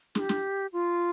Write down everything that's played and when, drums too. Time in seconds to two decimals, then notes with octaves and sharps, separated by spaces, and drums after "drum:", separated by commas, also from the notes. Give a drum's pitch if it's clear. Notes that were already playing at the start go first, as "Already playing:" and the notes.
0.15 G#4, drum: snare
0.20 G4
0.29 drum: snare
0.73 F4